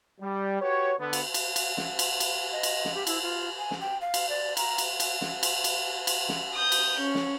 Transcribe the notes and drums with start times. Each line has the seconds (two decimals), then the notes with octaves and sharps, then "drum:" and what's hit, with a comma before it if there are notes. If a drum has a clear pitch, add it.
0.21 G3
0.61 F#4 G4 B4 C#5
1.00 D3 B3
1.13 drum: cymbal
1.34 drum: cymbal
1.56 drum: cymbal
1.77 drum: snare
1.99 drum: cymbal
2.20 drum: cymbal
2.52 D#5
2.63 drum: cymbal
2.85 drum: snare
2.95 G4
3.07 E4, drum: cymbal
3.23 F4
3.58 G#5
3.71 drum: snare
3.81 G5
4.01 F5
4.14 drum: cymbal
4.29 D5
4.57 A#5, drum: cymbal
4.78 drum: cymbal
5.00 drum: cymbal
5.21 drum: snare
5.43 drum: cymbal
5.64 drum: cymbal
6.07 drum: cymbal
6.29 drum: snare
6.55 D#6 G6
6.72 drum: cymbal
7.00 C#4
7.15 drum: snare